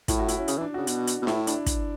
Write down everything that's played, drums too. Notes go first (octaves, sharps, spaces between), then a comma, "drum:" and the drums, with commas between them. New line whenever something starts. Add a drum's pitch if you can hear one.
A2 E4, drum: kick, hi-hat
F#4
E4, drum: hi-hat
C#4
C#3, drum: hi-hat
E3
D4
C#3 F#4
B2, drum: hi-hat
drum: hi-hat
B2
A2 E4, drum: snare
D4, drum: hi-hat
drum: kick, hi-hat